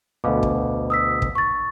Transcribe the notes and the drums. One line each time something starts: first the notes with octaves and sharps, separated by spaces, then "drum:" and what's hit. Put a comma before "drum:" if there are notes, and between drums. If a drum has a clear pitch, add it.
D2 B2 F5 D6
drum: kick
D#6 E6 B6
drum: kick
C#6 A6